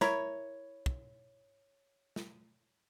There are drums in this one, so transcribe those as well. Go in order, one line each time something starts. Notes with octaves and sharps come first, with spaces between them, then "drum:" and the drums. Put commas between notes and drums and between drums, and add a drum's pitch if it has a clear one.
E4 A#4 C#5, drum: snare
drum: kick
drum: snare